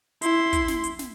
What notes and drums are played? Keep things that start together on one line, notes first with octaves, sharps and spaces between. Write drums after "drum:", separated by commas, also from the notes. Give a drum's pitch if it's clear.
E4 C6, drum: hi-hat
drum: kick, hi-hat
drum: snare
drum: hi-hat
drum: snare